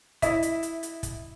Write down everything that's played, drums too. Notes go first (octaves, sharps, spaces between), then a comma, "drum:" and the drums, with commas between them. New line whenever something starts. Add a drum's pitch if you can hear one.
E4 D#5 E5, drum: kick, hi-hat
drum: hi-hat
drum: hi-hat
drum: hi-hat
drum: kick, hi-hat